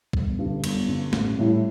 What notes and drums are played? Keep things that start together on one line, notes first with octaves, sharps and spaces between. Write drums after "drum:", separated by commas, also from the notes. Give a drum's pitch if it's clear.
G1, drum: kick
G2 D3
G1, drum: cymbal
G2 D3
A1, drum: snare
A2 G3 E4